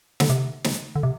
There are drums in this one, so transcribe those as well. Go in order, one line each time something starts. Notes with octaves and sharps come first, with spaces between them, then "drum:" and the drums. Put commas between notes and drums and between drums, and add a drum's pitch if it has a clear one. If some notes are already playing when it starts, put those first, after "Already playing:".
D3, drum: snare
C3
drum: snare
D3
C3